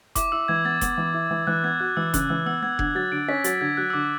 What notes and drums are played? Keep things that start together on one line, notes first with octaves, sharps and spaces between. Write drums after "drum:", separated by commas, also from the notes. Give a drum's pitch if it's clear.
E4 D6, drum: kick F1, hi-hat
E4 E6
E3 G#6
B3 A6
B3, drum: kick F1, hi-hat
E3
E4
E3
E3 F#6
B3 G#6
F#4 F#6
E3 E6
C#3 F#6, drum: kick F1, hi-hat
E3 E6
B3 E6
B3 G#6
D3 G#6, drum: kick F1
F#3 A6
D3 D7
C#4 B6
F#3 A6, drum: hi-hat
D3 G#6
F#3 F#6
E6
D3 D6